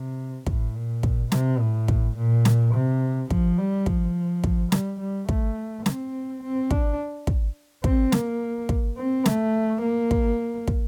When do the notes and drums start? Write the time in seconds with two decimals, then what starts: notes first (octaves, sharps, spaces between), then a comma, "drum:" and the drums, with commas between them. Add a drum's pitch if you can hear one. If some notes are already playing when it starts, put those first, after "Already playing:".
Already playing: C3
0.47 A2, drum: kick
0.75 A#2
1.03 drum: kick
1.32 C3, drum: snare
1.60 A2
1.88 drum: kick
2.17 A#2
2.45 drum: snare
2.74 C3
3.30 F3, drum: kick
3.58 G3
3.86 F3, drum: kick
4.44 drum: kick
4.72 G3, drum: snare
5.00 G3
5.29 A3, drum: kick
5.86 C4, drum: snare
6.42 C4
6.71 D4, drum: kick
7.27 drum: kick
7.84 C4, drum: kick
8.12 A#3, drum: snare
8.69 drum: kick
8.97 C4
9.26 A3, drum: snare
9.82 A#3
10.11 drum: kick
10.68 drum: kick